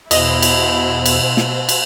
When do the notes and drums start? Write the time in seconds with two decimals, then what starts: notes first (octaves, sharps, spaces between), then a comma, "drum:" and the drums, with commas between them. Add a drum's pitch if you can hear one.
0.11 E2 B2 E4 C5 D#5 E6, drum: cymbal
0.42 drum: cymbal
1.06 drum: cymbal
1.37 drum: snare
1.69 drum: cymbal